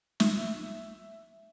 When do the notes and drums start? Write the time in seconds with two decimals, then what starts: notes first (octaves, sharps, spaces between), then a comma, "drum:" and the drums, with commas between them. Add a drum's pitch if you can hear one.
0.20 E5, drum: snare